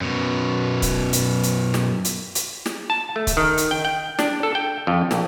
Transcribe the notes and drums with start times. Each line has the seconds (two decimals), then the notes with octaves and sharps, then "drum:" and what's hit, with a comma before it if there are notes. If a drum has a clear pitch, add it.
0.01 F#2 B2
0.82 drum: kick C#1, hi-hat
1.13 drum: hi-hat
1.43 drum: hi-hat
1.74 drum: snare
2.05 drum: hi-hat
2.35 drum: hi-hat
2.66 drum: snare
2.90 A5
3.16 A3
3.27 drum: kick C#1, hi-hat
3.37 D#3
3.57 drum: hi-hat
3.71 G5
3.85 G5
4.19 D4, drum: snare
4.43 A4
4.55 G5
4.87 F2
5.11 A#1, drum: snare